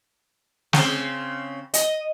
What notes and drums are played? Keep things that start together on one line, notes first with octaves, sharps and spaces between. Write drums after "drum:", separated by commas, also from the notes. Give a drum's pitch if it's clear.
C#3 C4, drum: snare
D#5, drum: hi-hat